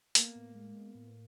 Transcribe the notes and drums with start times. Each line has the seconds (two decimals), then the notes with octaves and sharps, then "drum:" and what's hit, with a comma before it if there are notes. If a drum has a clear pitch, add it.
0.15 A#3 B3, drum: hi-hat
0.35 A2
0.55 G#3
0.75 B3
0.95 A2